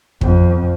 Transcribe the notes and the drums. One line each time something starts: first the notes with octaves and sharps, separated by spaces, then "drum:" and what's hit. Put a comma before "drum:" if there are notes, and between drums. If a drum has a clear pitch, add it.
F2, drum: kick